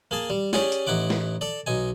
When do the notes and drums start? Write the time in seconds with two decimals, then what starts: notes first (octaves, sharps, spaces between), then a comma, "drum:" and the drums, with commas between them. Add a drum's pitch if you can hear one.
0.11 A#3 G#4 A5
0.30 G3
0.53 C#4 G4 G#4 D5 G#5, drum: snare
0.72 drum: hi-hat
0.87 A1 D#4 E4 F#5 D6
1.10 drum: snare
1.41 A4 D5
1.66 B1 D#4 G#5